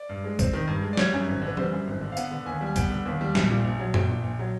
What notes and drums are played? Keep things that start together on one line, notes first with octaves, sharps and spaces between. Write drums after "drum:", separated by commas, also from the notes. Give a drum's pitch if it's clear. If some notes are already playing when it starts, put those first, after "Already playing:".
Already playing: D5
G2
G#3
C4, drum: kick, tambourine
D#3
G2
G#3
D5
G3 C#5, drum: snare
F#2
G#1
D3
B4
G3 C5, drum: tom E3
F#2
G#1
D3
F5
B3 F#5, drum: tambourine
D3
D#2 G#5
G3
G#5
B3 G5, drum: kick, tambourine
D3
D#2
G3
A#1, drum: snare
A#2
A#1
F#3
A#1 G5, drum: tom F#2
A#2
A#1
F#3